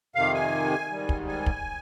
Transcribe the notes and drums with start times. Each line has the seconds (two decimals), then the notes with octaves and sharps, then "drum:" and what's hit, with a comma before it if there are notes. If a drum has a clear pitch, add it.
0.15 F2 C3 D#3 F5
0.34 G#5
0.90 G#2 D#3 G3
1.09 drum: kick
1.27 G#5
1.46 drum: kick